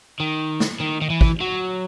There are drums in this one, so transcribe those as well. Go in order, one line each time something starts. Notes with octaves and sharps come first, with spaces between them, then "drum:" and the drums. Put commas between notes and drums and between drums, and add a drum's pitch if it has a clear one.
D#3
drum: snare
D#3
D#3
E3
drum: kick
F#3